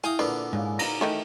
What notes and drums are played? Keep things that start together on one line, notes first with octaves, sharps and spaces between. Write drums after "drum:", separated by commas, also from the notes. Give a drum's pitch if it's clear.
E4 G#4 E5 F5 G5 G#5 D#6
A#2 D3 B3 D4 B4
G#2 A#4 C#5 F5
G#5
D#4 F5 A#5, drum: cymbal
D#3 E3 A3 D#4 G#4 D#6